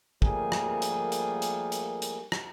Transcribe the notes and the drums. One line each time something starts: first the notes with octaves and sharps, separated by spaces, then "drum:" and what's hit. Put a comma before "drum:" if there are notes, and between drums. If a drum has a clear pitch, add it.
F3 G3 A3 A#3 G#4 A#4, drum: kick
drum: rim click
drum: hi-hat
drum: hi-hat
drum: hi-hat
drum: hi-hat
drum: hi-hat
drum: rim click